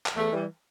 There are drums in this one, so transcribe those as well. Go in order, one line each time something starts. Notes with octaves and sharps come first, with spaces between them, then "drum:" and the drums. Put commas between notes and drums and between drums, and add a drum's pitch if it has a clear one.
drum: clap
E2 A3
E3 G3